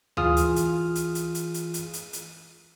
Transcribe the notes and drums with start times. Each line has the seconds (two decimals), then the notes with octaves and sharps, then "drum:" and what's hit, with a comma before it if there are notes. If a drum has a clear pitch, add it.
0.17 E3 F4 G#4 D#6 F6, drum: tom D2
0.37 drum: hi-hat
0.56 drum: hi-hat
0.95 drum: hi-hat
1.15 drum: hi-hat
1.35 drum: hi-hat
1.54 drum: hi-hat
1.74 drum: hi-hat
1.93 drum: hi-hat
2.13 drum: hi-hat